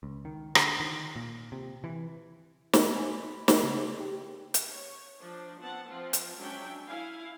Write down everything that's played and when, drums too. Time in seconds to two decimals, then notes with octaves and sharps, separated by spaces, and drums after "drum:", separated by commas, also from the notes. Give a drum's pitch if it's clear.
0.03 C#2
0.25 D#3
0.55 D3, drum: rim click
0.80 D#3
1.16 A#2
1.52 C3
1.84 E3
2.73 B3, drum: snare
2.96 G#5
3.11 B5
3.28 B5
3.48 C7, drum: snare
3.64 C#3
3.76 G#4
4.00 G4
4.54 drum: hi-hat
4.72 C#5
5.18 F3 D4 C5
5.60 B3 C4 F#5 A5
5.89 F3 C4 F4
6.13 drum: hi-hat
6.38 F#3 G#3 C#4 D4 E5 G5
6.86 E4 F5 G#5